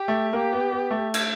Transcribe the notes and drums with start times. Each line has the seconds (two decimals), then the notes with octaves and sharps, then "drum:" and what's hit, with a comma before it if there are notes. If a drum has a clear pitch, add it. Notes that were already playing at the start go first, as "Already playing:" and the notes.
Already playing: G4
0.08 A3
0.33 A#3 G4
0.53 B3
0.72 B3
0.91 A3
1.14 drum: cymbal